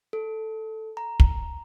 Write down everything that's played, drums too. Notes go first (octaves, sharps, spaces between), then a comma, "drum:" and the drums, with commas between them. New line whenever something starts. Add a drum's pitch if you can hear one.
A4
A#5
drum: kick